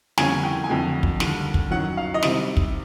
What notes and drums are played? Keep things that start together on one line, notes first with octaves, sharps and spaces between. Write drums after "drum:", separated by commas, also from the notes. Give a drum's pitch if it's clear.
F2 D3 G3 A#3 C#4 G#5, drum: snare
G5
G#5
F2 D3 F#3 A3 G5
drum: kick
D#2 D3 G3, drum: snare
drum: kick
F#2 D#3 F#3 F#5
F5
D#5
C3 D#3 G3 C4 E5, drum: snare
drum: kick